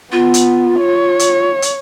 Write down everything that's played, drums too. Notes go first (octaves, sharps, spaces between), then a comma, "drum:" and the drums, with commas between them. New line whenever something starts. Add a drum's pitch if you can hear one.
B3 F4
drum: hi-hat
C#5
drum: hi-hat
drum: hi-hat